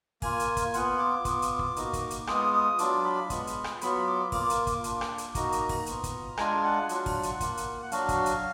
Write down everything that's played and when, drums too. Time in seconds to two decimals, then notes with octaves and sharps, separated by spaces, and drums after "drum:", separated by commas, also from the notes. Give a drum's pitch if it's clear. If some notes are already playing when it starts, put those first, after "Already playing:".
0.22 A#3 F4 G#5, drum: kick, open hi-hat
0.40 drum: hi-hat
0.57 drum: kick, hi-hat
0.74 B3 F4 F#5, drum: hi-hat
0.99 D6
1.25 B3 F4, drum: kick, hi-hat
1.42 drum: hi-hat
1.59 drum: kick
1.76 A#3 D#4 F#4, drum: hi-hat
1.93 drum: kick, hi-hat
2.10 drum: hi-hat
2.27 G#3 B3 F4 D#6, drum: rim click
2.53 D#6
2.79 F#3 D4 F4 D6, drum: hi-hat
3.04 B5
3.30 G#3 B3 F4, drum: kick, hi-hat
3.47 drum: hi-hat
3.64 drum: rim click
3.81 F#3 B3 F4 B5, drum: hi-hat
4.07 D6
4.32 A#3 F4 D6, drum: kick, open hi-hat
4.50 drum: hi-hat
4.67 drum: kick, hi-hat
4.84 A#3 D4 F4, drum: hi-hat
5.01 drum: rim click
5.18 drum: hi-hat
5.35 A#3 D#4 F#4 A#5, drum: kick, hi-hat
5.52 drum: hi-hat
5.69 drum: kick, open hi-hat
5.86 B3 F4, drum: hi-hat
6.04 drum: kick, hi-hat
6.37 G#3 D4 F4 G#5, drum: rim click
6.63 F#5
6.89 F#3 D4 F4, drum: hi-hat
7.06 drum: kick, open hi-hat
7.23 drum: hi-hat
7.40 A#3 F4, drum: kick, hi-hat
7.57 drum: hi-hat
7.82 F#5
7.92 F#3 D4 F#4 F5, drum: hi-hat
8.09 drum: kick, hi-hat
8.26 drum: hi-hat